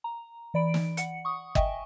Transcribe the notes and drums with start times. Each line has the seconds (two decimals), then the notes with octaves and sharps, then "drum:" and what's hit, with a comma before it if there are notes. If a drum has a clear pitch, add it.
0.04 A#5
0.54 E3 D5 B5 D7
0.74 drum: snare
0.97 F#5 C#7, drum: hi-hat
1.25 C#6 D#6
1.55 D#5 E5 G5 G#5 C#6, drum: kick G1